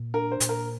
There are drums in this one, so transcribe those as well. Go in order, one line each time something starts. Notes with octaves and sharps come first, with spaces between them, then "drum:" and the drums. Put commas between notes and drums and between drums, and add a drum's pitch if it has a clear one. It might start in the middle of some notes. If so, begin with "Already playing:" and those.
Already playing: A#2
D4 A#4
C5
A#2, drum: hi-hat
A#4